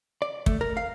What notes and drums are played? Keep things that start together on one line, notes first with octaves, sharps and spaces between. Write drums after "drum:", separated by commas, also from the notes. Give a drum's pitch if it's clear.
D5
A3, drum: kick
A#4
F5